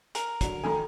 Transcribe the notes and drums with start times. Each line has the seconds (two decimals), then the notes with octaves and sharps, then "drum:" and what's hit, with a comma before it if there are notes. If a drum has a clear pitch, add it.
0.15 A#4 G#5, drum: hi-hat
0.41 D3 F#3, drum: kick, hi-hat
0.64 A1 D#3 A4 G#5 A#5